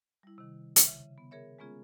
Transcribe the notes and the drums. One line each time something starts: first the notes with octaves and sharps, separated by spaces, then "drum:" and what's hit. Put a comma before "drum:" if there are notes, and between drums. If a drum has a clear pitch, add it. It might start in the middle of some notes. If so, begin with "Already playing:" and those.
G3 E4
C3 D#3
drum: hi-hat
C#3 E5
B3
G#4 A#4 C#5 E5
G#3 A#3 B3 C#4 F4 G#4